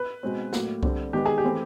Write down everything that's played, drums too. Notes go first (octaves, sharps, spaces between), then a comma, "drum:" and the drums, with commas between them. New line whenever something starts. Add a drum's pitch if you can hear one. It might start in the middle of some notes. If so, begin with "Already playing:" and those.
Already playing: B4
B2 G#3 C4
A2 F#3 A#3, drum: snare
D3 G3 C4, drum: kick C2
D#3 G#3 B3 G4
G#4
G4
E3 A3 C4